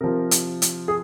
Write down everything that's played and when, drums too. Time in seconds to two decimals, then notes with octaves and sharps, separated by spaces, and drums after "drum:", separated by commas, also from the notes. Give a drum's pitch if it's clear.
0.01 C3 F3 A#4
0.31 drum: hi-hat
0.62 drum: hi-hat
0.88 G#4